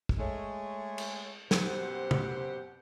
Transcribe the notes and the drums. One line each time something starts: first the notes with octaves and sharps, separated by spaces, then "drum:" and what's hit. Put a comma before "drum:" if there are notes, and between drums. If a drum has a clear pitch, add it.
drum: kick
G#3 A3 C#5
drum: cymbal
F#2 B2 C4 G4 C5 F#5, drum: snare
drum: tom C3